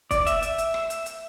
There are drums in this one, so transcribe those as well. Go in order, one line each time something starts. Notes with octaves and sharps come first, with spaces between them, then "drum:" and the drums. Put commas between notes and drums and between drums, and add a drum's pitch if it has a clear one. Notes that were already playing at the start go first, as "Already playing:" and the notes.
D5, drum: kick, hi-hat
E5, drum: hi-hat
E5, drum: hi-hat
drum: hi-hat
drum: rim click
drum: hi-hat
drum: hi-hat